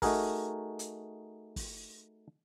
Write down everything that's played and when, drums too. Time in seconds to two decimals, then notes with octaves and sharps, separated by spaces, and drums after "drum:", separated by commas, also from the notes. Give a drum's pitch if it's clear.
0.02 A3 D#4 F#4 G#4 A#4, drum: kick, open hi-hat
0.79 drum: hi-hat
1.56 drum: kick, open hi-hat